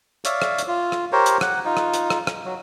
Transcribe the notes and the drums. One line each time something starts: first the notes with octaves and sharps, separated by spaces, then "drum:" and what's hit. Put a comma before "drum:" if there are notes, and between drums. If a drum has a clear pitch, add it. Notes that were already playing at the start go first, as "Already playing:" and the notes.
C#5 D5 E5 F5, drum: hi-hat
drum: rim click
drum: hi-hat
F4
drum: rim click
G4 A#4 C5 C#5
drum: hi-hat
F#5, drum: rim click
D#4 F4
drum: rim click
drum: hi-hat
drum: rim click
drum: rim click
F#3